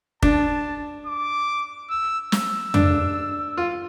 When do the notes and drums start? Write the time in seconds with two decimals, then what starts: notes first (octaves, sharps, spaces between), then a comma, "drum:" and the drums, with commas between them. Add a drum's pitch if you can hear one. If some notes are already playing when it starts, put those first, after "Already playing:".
0.22 D4 A5, drum: kick
1.06 D6
1.90 E6
2.32 E6, drum: snare
2.74 D4, drum: tom
3.57 F4